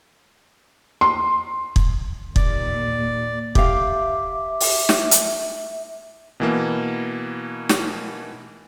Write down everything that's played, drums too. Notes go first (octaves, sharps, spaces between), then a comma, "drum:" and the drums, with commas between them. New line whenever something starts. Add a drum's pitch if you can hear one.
C6
drum: kick
D#2 A#2 D5, drum: kick
G4 E5 F5 D6, drum: kick
drum: open hi-hat
drum: snare
drum: hi-hat
B2 E3 A#3
drum: snare